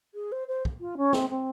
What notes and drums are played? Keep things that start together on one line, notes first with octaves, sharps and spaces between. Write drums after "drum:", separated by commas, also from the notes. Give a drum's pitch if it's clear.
G#4
C5
C5
drum: kick
F4
C#4
C4, drum: snare
C4